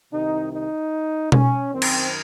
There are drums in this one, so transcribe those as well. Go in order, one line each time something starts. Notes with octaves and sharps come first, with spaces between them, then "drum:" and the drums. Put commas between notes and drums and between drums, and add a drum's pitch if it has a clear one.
C2 C3 D#3 D#4
D#4
C#4, drum: tom B2
F#2 D#3 C4
drum: cymbal